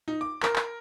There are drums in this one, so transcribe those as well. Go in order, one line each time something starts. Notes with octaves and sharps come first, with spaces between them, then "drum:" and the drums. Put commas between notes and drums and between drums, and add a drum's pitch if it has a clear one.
D#4
D6
A#4, drum: clap
drum: clap